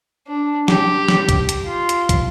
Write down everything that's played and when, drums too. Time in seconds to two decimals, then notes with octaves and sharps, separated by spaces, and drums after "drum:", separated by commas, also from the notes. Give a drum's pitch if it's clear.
0.27 D4
0.68 G4, drum: snare
1.08 drum: snare
1.29 drum: kick, hi-hat
1.49 drum: hi-hat
1.65 F4
1.89 drum: hi-hat
2.09 drum: kick, hi-hat